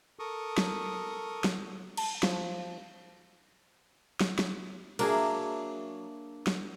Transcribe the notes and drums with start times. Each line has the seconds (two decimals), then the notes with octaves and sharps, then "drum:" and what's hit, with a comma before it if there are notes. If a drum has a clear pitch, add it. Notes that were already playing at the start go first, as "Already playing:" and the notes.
0.19 A4 A#4 C#6 D#6
0.58 drum: snare
1.44 drum: snare
1.97 A5, drum: cymbal
2.23 F3, drum: snare
4.21 drum: snare
4.39 drum: snare
4.99 F#3 A#3 D4 G#4 E5, drum: cymbal
6.47 drum: snare